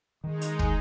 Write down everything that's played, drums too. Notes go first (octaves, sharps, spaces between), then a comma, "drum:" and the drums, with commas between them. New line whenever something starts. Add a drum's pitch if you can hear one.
D#3 G#3 D#4
drum: hi-hat
drum: kick